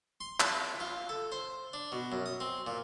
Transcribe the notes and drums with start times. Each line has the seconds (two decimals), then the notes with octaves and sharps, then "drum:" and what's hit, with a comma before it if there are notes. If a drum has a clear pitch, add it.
0.20 C6
0.40 A5, drum: clap
0.80 F4
1.09 A4
1.32 C5
1.73 D4
1.92 B2
2.12 F#2
2.26 D#6
2.40 C4
2.67 A#2